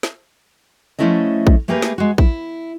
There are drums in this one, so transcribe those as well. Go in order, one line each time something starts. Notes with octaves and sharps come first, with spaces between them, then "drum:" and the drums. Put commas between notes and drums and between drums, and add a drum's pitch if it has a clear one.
drum: snare
F3 A3 C#4 E4 A4 D#5
drum: kick
A3 A#3 G4 G#4 A#4 B4
drum: snare
G#3 F#4
E4, drum: kick